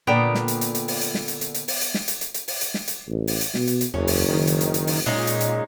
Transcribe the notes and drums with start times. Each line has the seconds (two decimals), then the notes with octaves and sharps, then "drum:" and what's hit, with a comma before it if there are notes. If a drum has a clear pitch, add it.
0.07 A#2 D3 B3 D4 G5 A#5 D#6
0.35 drum: snare
0.48 drum: hi-hat
0.61 drum: hi-hat
0.75 drum: hi-hat
0.88 drum: open hi-hat
1.01 drum: hi-hat
1.15 drum: snare
1.28 drum: hi-hat
1.41 drum: hi-hat
1.54 drum: hi-hat
1.68 drum: open hi-hat
1.81 drum: hi-hat
1.94 drum: snare
2.08 drum: hi-hat
2.21 drum: hi-hat
2.34 drum: hi-hat
2.48 drum: open hi-hat
2.61 drum: hi-hat
2.74 drum: snare
2.88 drum: hi-hat
3.08 A1
3.28 drum: open hi-hat
3.41 drum: hi-hat
3.54 B2, drum: snare
3.67 drum: hi-hat
3.81 drum: hi-hat
3.94 F#1 E2 C#4
4.07 drum: open hi-hat
4.28 D#3
4.47 drum: hi-hat
4.61 drum: hi-hat
4.74 drum: hi-hat
4.87 drum: open hi-hat
5.06 A#2 G#3 C#4 D#4
5.27 drum: hi-hat
5.40 drum: hi-hat